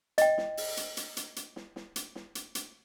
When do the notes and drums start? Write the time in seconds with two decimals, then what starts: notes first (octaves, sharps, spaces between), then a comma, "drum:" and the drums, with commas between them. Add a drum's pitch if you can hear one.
0.18 D#5 G5, drum: hi-hat
0.38 drum: snare
0.57 drum: open hi-hat
0.77 drum: hi-hat
0.97 drum: hi-hat
1.17 drum: hi-hat
1.36 drum: hi-hat
1.56 drum: snare
1.76 drum: snare
1.96 drum: hi-hat
2.15 drum: snare
2.35 drum: hi-hat
2.55 drum: hi-hat